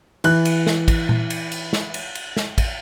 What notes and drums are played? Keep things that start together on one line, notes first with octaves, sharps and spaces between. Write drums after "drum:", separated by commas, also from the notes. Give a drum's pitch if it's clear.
E3 F#6, drum: cymbal
drum: cymbal
drum: snare
drum: kick, cymbal
drum: tom A#2
drum: cymbal
drum: cymbal
drum: snare
drum: cymbal
drum: cymbal
drum: snare
drum: kick, cymbal